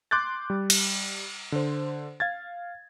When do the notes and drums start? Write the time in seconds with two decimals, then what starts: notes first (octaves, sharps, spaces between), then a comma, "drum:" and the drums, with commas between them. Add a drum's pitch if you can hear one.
0.11 C6 D6 F#6 G6 A6
0.50 G3
0.70 drum: cymbal
1.52 D3 C5
2.20 F5 G#6 A6